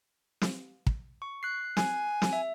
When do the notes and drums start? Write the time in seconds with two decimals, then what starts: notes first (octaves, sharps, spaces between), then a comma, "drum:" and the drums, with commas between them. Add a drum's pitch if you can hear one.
0.41 drum: snare
0.87 drum: kick
1.22 C#6
1.43 F#6 C7
1.77 G#5, drum: snare
2.22 drum: snare
2.33 E5